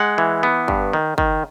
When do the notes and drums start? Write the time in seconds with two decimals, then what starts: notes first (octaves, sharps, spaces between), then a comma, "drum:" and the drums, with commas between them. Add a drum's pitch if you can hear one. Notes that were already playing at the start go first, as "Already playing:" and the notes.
Already playing: G#3 F#5
0.18 E3
0.43 B3
0.68 G2, drum: kick
0.93 D#3
1.18 D#3, drum: kick